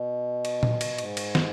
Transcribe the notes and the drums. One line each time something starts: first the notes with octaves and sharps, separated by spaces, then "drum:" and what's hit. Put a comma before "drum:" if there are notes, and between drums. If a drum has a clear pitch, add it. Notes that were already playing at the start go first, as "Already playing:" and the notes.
Already playing: B2
drum: cymbal
drum: tom A#2
drum: cymbal
G#2, drum: cymbal
drum: cymbal
drum: snare